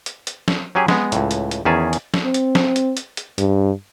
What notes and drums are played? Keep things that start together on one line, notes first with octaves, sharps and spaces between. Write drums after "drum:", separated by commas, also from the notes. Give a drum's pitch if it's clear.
drum: hi-hat
drum: hi-hat
drum: snare
F#3 C#4 G4 G#4
G#3 B3, drum: snare
C#2 A2, drum: hi-hat
drum: hi-hat
drum: hi-hat
E2 D#3 C#4 G#4 A5
drum: hi-hat
drum: snare
C4
drum: hi-hat
drum: snare
drum: hi-hat
drum: hi-hat
drum: hi-hat
G2, drum: hi-hat